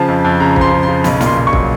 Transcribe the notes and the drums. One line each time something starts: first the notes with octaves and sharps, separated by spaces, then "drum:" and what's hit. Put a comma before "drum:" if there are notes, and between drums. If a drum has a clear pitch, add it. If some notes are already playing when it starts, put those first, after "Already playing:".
Already playing: C#3 F3 A5
F2
F2
C#3 A#5
F3, drum: kick
C6
C#3
C6
C#3
B1 B5, drum: snare
A#2, drum: snare
C6
B1
C#6
F#3, drum: kick